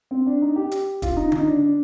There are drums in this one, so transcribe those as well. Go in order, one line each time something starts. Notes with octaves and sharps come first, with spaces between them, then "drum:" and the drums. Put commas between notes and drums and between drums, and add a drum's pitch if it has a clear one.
C4
D4
D#4
G4
drum: hi-hat
F4, drum: kick, hi-hat
D#4
D#4, drum: tom D3
D4
D4